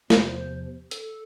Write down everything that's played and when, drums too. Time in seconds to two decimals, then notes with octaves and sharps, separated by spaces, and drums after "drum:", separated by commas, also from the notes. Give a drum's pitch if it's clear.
0.10 E2 C3 F3 C5, drum: snare
0.91 A4, drum: hi-hat